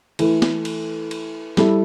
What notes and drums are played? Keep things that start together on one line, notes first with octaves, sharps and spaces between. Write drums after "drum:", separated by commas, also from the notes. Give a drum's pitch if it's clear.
E3 A3 E4 A4, drum: cymbal
drum: snare
drum: cymbal
drum: cymbal
G3 E4 A4, drum: snare